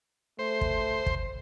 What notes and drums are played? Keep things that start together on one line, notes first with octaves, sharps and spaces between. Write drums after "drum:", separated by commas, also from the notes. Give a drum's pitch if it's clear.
A3 C5
drum: kick
drum: kick